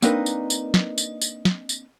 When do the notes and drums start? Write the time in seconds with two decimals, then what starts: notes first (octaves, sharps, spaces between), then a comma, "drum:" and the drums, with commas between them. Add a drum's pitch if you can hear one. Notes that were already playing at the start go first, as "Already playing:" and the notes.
0.02 A#3 C4 D4 D#4 A#4 B4, drum: tambourine
0.26 drum: tambourine
0.50 drum: tambourine
0.74 drum: snare
0.98 drum: tambourine
1.22 drum: tambourine
1.45 drum: snare
1.69 drum: tambourine